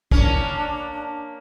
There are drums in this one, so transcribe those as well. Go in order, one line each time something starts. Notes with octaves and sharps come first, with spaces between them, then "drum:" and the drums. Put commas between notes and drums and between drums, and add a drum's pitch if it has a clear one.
A#3 C#4 D4, drum: kick